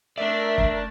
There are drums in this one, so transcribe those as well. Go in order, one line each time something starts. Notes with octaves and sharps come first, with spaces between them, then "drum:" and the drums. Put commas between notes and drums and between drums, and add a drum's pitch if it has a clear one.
A3 D4 A#4 D5 E5
drum: kick